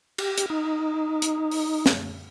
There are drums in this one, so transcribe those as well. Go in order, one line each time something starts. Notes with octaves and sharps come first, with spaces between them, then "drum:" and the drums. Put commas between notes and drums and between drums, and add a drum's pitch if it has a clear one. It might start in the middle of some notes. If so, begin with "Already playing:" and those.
G4, drum: cymbal
drum: hi-hat
D#4
drum: hi-hat
drum: open hi-hat
drum: snare